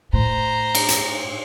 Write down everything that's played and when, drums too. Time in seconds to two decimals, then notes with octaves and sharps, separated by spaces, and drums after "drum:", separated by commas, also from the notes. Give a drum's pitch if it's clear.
0.13 A2 C5 A#5
0.75 drum: cymbal
0.89 drum: hi-hat